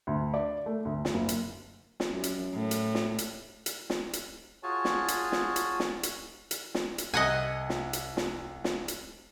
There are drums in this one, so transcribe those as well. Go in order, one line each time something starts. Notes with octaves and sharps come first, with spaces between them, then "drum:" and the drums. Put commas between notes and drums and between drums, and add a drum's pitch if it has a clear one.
D2
D5
A3
D2
drum: snare
F#1
drum: hi-hat
drum: snare
F#2
drum: hi-hat
A2
drum: hi-hat
drum: snare
drum: hi-hat
drum: hi-hat
drum: snare
drum: hi-hat
F4 F#4 G#4 C#5 G#5 A5
drum: snare
drum: hi-hat
drum: snare
drum: hi-hat
drum: snare
drum: hi-hat
drum: hi-hat
drum: snare
drum: hi-hat
C2 D#5 F#5 G#5
drum: snare
drum: hi-hat
drum: snare
drum: snare
drum: hi-hat